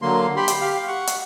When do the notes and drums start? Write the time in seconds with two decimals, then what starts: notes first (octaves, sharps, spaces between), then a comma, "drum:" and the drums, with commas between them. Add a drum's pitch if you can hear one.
0.02 D3 F#3 A#3 C6
0.37 G4 B5 C6
0.48 drum: hi-hat
0.61 G4 F5
0.88 F#5 C#6
1.07 drum: hi-hat